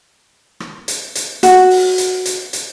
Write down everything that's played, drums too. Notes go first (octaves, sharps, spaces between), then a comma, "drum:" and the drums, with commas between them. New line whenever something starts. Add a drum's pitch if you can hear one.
drum: rim click
drum: hi-hat
drum: hi-hat
F#4, drum: hi-hat
drum: open hi-hat
drum: hi-hat
drum: hi-hat
drum: hi-hat